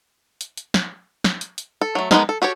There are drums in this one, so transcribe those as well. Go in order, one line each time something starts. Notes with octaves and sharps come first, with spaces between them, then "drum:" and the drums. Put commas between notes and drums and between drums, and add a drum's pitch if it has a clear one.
drum: hi-hat
drum: hi-hat
drum: snare
drum: snare
drum: hi-hat
drum: hi-hat
A4
F#3 A3
G#3 B3 C4 D#4 A#4, drum: snare
A4
F#4 G4 A4 C#5